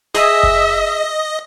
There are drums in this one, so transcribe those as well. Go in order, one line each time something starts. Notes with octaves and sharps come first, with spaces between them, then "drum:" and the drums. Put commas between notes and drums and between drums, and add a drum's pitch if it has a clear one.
G#4 D#5 E5, drum: snare
drum: kick F#1